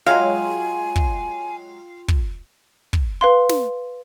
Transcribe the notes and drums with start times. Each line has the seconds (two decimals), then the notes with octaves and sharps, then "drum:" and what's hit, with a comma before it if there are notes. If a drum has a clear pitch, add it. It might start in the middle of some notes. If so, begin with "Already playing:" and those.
0.06 F#3 G#3 F4 F5 G5 G#5 C6
0.96 drum: kick
2.08 drum: kick
2.93 drum: kick
3.21 B4 F5 C6
3.49 drum: snare